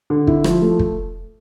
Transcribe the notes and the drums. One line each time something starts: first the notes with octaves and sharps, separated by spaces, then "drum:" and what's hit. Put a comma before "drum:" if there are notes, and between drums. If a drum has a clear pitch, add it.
D3
E4, drum: kick
F3, drum: rim click
A3
drum: kick